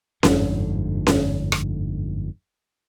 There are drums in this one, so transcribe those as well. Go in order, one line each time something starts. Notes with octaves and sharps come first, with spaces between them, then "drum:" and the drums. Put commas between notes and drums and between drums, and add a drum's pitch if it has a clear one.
G1 F2 G#2 D3, drum: snare C#4
drum: snare C#4
drum: rim click